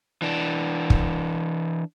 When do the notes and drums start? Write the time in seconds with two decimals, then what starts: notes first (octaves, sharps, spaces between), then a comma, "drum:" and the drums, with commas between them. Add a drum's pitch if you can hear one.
0.22 E3 D4
0.90 drum: kick